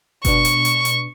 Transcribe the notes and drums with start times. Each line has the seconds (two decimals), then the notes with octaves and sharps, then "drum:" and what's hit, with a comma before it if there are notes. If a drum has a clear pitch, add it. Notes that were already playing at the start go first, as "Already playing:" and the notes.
0.25 B2 B3 D4 C#6, drum: kick F#1, hi-hat
0.45 drum: hi-hat
0.65 drum: hi-hat
0.85 drum: hi-hat